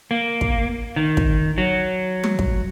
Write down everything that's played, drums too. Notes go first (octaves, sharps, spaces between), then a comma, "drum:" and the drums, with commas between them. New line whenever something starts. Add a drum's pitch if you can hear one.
A#3
drum: kick
D#3
drum: kick
F#3
drum: tom
drum: kick